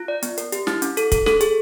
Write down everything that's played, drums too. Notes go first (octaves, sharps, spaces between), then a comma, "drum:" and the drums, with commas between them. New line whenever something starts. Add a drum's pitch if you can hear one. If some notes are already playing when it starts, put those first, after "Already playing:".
Already playing: F4
D5
B3, drum: hi-hat
A#4, drum: hi-hat
G4, drum: hi-hat
E4, drum: snare
C#4, drum: hi-hat
A4, drum: hi-hat
A4, drum: kick, hi-hat
A4, drum: snare
G#4, drum: hi-hat